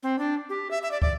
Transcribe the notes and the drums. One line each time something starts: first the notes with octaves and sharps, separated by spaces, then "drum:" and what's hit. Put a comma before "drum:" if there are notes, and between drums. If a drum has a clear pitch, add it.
C4
D4
G4
E5
E5
D5
D5, drum: kick